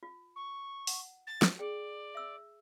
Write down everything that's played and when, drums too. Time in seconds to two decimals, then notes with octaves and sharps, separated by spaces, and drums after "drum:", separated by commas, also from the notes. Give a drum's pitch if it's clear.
0.03 F4
0.36 C#6
0.87 F#5, drum: open hi-hat
1.27 A6
1.42 drum: snare
1.59 G#4 D5 G5
2.15 E5 E6